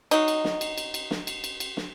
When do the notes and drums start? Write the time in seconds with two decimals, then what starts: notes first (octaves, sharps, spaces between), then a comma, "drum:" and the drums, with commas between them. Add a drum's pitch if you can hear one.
0.11 F#3 D#4, drum: cymbal
0.28 drum: cymbal
0.44 drum: snare
0.61 drum: cymbal
0.78 drum: cymbal
0.94 drum: cymbal
1.11 drum: snare
1.27 drum: cymbal
1.44 drum: cymbal
1.60 drum: cymbal
1.77 drum: snare